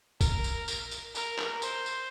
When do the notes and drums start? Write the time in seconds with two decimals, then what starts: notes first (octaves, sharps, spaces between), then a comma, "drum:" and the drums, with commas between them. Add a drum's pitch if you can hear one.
0.21 A#4, drum: kick, tambourine
0.44 drum: tambourine
0.68 drum: tambourine
0.91 drum: tambourine
1.15 A#4, drum: tambourine
1.39 drum: clap
1.62 C5, drum: tambourine
1.86 drum: tambourine